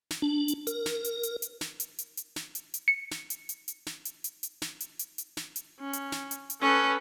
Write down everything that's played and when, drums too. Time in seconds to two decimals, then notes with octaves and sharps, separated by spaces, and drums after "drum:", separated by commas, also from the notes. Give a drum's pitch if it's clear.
0.10 drum: snare
0.22 D4
0.48 drum: hi-hat
0.67 A#4, drum: hi-hat
0.86 drum: snare
1.04 drum: hi-hat
1.23 drum: hi-hat
1.42 drum: hi-hat
1.61 drum: snare
1.80 drum: hi-hat
1.98 drum: hi-hat
2.17 drum: hi-hat
2.36 drum: snare
2.55 drum: hi-hat
2.74 drum: hi-hat
2.88 C#7
3.11 drum: snare
3.30 drum: hi-hat
3.49 drum: hi-hat
3.68 drum: hi-hat
3.86 drum: snare
4.05 drum: hi-hat
4.24 drum: hi-hat
4.43 drum: hi-hat
4.62 drum: snare
4.80 drum: hi-hat
4.99 drum: hi-hat
5.18 drum: hi-hat
5.37 drum: snare
5.56 drum: hi-hat
5.80 C#4
5.93 drum: hi-hat
6.12 drum: snare
6.31 drum: hi-hat
6.50 drum: hi-hat
6.62 C#4 A4 B4